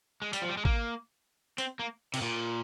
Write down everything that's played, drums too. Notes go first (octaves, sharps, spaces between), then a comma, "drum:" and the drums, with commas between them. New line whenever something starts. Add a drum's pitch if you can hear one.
G#3
G3, drum: hi-hat
F3
G3
G#3
A#3, drum: kick
C4, drum: hi-hat
A#3
C3, drum: cymbal
A#2